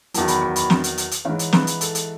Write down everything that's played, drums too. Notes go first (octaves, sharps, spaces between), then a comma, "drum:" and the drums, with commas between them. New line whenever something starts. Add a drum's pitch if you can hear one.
E2 D#3 F#3 A5, drum: hi-hat
B5, drum: hi-hat
C#6
B5, drum: hi-hat
drum: snare
drum: hi-hat
drum: hi-hat
drum: hi-hat
G#2 E3 C#5
drum: hi-hat
B4, drum: snare
drum: hi-hat
A4, drum: hi-hat
drum: hi-hat